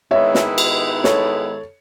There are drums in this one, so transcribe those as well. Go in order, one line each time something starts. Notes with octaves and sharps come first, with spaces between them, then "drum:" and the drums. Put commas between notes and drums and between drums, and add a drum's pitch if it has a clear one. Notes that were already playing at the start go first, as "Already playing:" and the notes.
G#2 D#3 G#3 B3 E4 C#5 E5
drum: snare
drum: cymbal
A4 C#5, drum: snare